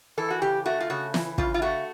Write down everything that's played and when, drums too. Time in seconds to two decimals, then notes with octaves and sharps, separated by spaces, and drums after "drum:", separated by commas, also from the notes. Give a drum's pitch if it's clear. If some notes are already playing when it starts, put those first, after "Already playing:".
0.17 E3 A4
0.31 F#4
0.42 C#3 G4
0.66 A3 F#4
0.81 F4
0.90 C#3 F#4
1.14 E3, drum: snare
1.38 C#3 F4, drum: kick
1.54 F4
1.62 A3 F#4